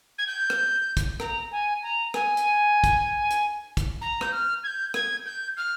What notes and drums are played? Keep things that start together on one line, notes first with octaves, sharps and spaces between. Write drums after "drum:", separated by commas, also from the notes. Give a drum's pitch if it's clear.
G#6
G6
drum: rim click
drum: kick, hi-hat
A#5, drum: rim click
G#5
A#5
G#5, drum: rim click
drum: hi-hat
drum: kick, hi-hat
drum: hi-hat
drum: kick, hi-hat
A#5
G6, drum: rim click
F6
G#6
G6
G#6, drum: rim click
G6
F6